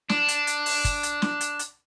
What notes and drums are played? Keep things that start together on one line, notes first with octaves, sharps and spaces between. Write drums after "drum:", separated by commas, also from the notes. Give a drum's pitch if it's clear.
D4, drum: snare
drum: hi-hat
drum: hi-hat
drum: open hi-hat
drum: kick, hi-hat
drum: hi-hat
drum: snare
drum: hi-hat
drum: hi-hat